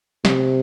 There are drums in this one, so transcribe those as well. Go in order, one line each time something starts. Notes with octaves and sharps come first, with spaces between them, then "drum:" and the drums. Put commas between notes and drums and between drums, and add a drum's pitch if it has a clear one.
C3, drum: snare